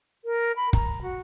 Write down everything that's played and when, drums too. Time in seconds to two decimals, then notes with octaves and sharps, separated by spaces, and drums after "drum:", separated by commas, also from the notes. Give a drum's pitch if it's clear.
0.25 A#4
0.56 B5
0.73 A#5, drum: kick
1.02 F#4